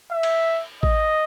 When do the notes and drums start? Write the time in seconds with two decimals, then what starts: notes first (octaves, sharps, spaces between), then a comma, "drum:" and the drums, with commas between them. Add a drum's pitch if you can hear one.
0.11 E5
0.23 drum: cymbal
0.83 D#5, drum: kick A1